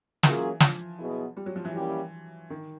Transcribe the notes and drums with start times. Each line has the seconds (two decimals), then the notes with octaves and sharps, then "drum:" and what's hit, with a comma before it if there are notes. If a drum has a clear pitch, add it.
0.23 E3 F#3 A#3 C#4 F4 G#4, drum: snare
0.60 F3, drum: snare
0.99 B2 F#3 B3 E4 G#4
1.37 G3
1.46 F#3
1.56 F3
1.65 E3
1.74 G3 A#3 C#4 E4 G4
2.50 D#3